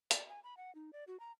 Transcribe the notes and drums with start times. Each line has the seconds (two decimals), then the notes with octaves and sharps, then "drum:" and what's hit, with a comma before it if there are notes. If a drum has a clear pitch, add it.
0.11 D5, drum: hi-hat
0.29 G#5
0.44 B5
0.57 F#5
0.75 D#4
0.93 D5
1.08 F#4
1.20 A#5